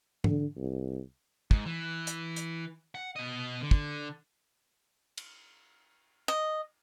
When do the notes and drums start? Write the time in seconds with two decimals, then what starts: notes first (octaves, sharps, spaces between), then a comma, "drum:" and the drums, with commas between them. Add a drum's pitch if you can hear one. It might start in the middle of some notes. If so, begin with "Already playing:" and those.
0.24 D3, drum: tom
0.57 C2
1.51 G#2, drum: kick
1.66 E3
2.07 drum: hi-hat
2.36 drum: hi-hat
2.95 F#5
3.16 B2 D#5
3.61 D3
3.71 drum: kick
5.17 drum: cymbal
6.28 D#5